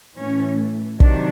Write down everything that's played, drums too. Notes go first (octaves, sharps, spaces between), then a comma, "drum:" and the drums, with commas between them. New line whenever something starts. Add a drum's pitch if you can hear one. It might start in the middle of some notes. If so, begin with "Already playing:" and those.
A2 E3 A3 C#4
C3 D#3 F#3 D4, drum: kick